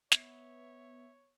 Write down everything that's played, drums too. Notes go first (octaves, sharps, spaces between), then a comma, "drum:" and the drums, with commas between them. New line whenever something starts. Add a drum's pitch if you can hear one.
B3 C#5 E5 G#6, drum: snare